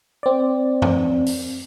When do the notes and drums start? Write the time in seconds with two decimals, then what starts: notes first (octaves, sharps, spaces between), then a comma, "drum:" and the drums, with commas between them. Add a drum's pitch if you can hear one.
0.23 C4 D5
0.82 drum: tom F#2
1.26 drum: open hi-hat